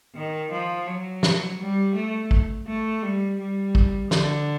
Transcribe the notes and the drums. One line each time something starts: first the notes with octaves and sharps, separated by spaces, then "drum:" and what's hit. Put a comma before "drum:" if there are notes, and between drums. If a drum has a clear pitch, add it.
D#3
F3
F#3
drum: snare
G3
A3
drum: kick A1
A3
G3
G3
drum: kick A1
D3, drum: snare